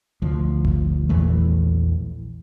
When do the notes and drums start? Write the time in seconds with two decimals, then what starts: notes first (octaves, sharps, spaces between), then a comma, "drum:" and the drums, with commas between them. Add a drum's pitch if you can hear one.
0.22 D2 F3
0.65 drum: kick G1
1.09 A#1 E2 E3 A3